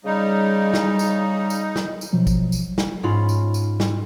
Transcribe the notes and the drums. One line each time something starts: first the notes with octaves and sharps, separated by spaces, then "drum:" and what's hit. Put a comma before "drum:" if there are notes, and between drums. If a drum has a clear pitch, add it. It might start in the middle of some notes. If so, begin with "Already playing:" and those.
C#3 G3 D#4
drum: snare
drum: tambourine
drum: tambourine
drum: snare
drum: tambourine
B2 F3 F#3
drum: kick A1, tambourine
drum: tambourine
drum: snare
G#2 C#4 F4 B5
drum: tambourine
drum: tambourine
drum: snare